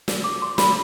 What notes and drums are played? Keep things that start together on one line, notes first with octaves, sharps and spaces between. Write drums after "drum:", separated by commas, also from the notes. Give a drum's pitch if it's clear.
drum: snare
D6
C6
B5, drum: snare